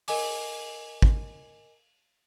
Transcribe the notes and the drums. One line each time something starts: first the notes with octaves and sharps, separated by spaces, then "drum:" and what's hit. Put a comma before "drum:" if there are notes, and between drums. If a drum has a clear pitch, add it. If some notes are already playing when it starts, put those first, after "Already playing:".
A#4 D#5 G#5 D6, drum: open hi-hat
drum: kick G#1